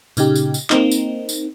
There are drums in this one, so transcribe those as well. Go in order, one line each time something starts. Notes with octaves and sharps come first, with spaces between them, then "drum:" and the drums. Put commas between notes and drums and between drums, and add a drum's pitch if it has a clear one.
A#2 C#3 D#4 G4, drum: tambourine
drum: tambourine
drum: tambourine
A#3 C4 D#4, drum: clap
drum: tambourine
drum: tambourine